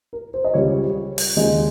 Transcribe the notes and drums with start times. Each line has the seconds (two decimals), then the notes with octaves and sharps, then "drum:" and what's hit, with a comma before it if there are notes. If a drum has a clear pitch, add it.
0.13 A#4
0.34 C5
0.44 D#5
0.54 C#2 C#3 G3 C#5
1.18 drum: open hi-hat
1.37 D#2 C#3 F3 G#3 D#5